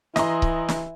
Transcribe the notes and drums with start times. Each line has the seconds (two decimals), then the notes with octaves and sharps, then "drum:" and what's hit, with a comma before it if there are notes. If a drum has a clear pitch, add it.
0.16 E3 D#5 A#5 C6, drum: snare
0.42 drum: kick C#1
0.68 drum: snare